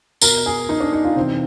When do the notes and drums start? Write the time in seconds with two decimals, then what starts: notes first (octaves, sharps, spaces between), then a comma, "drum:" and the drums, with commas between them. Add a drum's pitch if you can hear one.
0.21 B2 A#4, drum: tambourine
0.46 G#4
0.69 D#4
0.80 D4
0.93 D#4
1.04 F4
1.16 C3 E3 C4